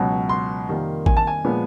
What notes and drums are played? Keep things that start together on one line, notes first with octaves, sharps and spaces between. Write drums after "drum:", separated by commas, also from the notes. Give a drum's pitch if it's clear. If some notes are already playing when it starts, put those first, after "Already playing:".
Already playing: C#2 B2 F#3
C6
F2 C3 D#3 G3 A#3
G#5, drum: kick A1
A5
G#5
A#2 F3 G#3 B3